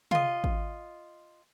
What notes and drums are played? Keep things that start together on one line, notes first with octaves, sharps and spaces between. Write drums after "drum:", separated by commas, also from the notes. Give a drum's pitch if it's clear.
F4 D#5, drum: tom
drum: kick G#1